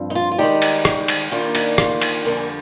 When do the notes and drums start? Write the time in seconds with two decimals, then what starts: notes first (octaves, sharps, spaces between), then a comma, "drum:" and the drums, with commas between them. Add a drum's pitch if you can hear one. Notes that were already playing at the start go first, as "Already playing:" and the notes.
Already playing: G2 F3 C4
0.10 D#4
0.15 F4
0.32 F4
0.38 D#3 G3 G#3 D#4 G4
0.62 drum: cymbal
0.85 drum: rim click
1.08 drum: cymbal
1.31 D#3 G3 A#3 D4 F4
1.55 D#4, drum: cymbal
1.78 F4, drum: rim click
2.01 drum: cymbal
2.24 F2 D3 G3 A#3 D4 A#4
2.37 G#5